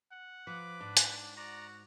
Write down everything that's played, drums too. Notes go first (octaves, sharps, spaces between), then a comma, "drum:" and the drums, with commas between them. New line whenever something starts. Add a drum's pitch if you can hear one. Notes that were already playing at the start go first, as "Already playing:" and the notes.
F#5
F3 B4 D6
G#2 D4
drum: hi-hat
F#4 D5 A#5